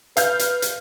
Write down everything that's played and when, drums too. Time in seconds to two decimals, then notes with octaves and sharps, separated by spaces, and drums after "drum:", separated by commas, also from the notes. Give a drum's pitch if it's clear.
0.17 B4 F5 F6 G6, drum: hi-hat
0.39 drum: hi-hat
0.62 drum: hi-hat